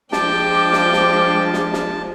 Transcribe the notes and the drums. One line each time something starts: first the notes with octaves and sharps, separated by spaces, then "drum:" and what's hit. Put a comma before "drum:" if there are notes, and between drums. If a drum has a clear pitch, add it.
F3 G#3 D4 G5 A5 D6, drum: snare
drum: snare
drum: snare
drum: snare
drum: snare